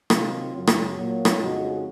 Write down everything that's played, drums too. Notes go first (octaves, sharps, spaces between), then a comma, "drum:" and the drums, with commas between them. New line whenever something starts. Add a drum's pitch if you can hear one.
C3 D#3 F#3 C4 F4, drum: rim click
F#2 C#3 F#3
drum: rim click
A#2 F#3 A#3
drum: rim click
F2 C#3 G#3 D#4 F#4